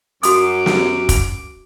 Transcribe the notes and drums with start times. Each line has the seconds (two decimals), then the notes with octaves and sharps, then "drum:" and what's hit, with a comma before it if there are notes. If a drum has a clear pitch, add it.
0.23 F#2 F#4 D6 D#6, drum: hi-hat
0.66 drum: snare
1.09 drum: kick, hi-hat